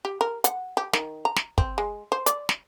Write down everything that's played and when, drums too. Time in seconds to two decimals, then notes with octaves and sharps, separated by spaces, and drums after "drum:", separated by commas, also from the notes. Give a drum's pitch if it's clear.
0.05 G4
0.21 A#4
0.44 F#5, drum: hi-hat
0.77 G4
0.93 D#3, drum: snare
1.25 A#5
1.36 drum: snare
1.58 C4, drum: kick
1.78 G#3
2.12 C5
2.26 D5, drum: hi-hat
2.49 drum: snare